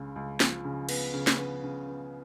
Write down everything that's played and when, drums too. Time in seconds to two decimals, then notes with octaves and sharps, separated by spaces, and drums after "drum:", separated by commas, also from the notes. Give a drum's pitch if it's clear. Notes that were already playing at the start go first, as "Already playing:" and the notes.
Already playing: C#2 C#3
0.16 C#2
0.40 F3, drum: snare
0.65 C#3
0.89 B3, drum: cymbal
1.14 C#3
1.27 drum: snare
1.39 B3
1.64 C#3
1.88 B3